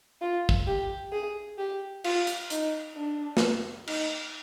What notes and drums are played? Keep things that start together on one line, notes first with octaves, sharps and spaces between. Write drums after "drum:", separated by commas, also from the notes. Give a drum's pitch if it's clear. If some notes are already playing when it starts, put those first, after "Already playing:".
F4
drum: kick
G4
G#4
G4
F4, drum: cymbal
drum: hi-hat
D#4, drum: hi-hat
D4
drum: snare
D#4, drum: cymbal